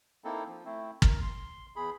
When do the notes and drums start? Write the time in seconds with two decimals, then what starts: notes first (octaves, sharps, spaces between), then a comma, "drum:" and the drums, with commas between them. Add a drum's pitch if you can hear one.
0.25 A#3 C4 D#4 E4 A4
0.48 F3
0.65 A3 C4 E4
1.02 A#4, drum: kick
1.22 C6
1.76 E2 G#4 B5